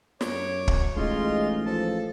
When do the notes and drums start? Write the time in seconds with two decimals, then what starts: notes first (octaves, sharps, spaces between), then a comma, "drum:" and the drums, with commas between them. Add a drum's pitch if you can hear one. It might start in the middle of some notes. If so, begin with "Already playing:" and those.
0.21 F#2 C#5 D6, drum: snare
0.68 drum: kick
0.96 A1 G#3 D#4 F4 C6
1.66 F3 A4 A5